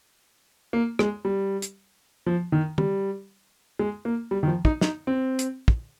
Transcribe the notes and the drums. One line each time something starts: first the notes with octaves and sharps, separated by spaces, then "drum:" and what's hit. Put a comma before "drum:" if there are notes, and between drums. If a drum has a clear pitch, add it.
A#3
G#3, drum: rim click
G3
drum: hi-hat
F3
D#3
G3, drum: tom
G#3
A#3
G3
D#3
F3
D#4, drum: kick
D#4, drum: snare
C4
drum: hi-hat
drum: kick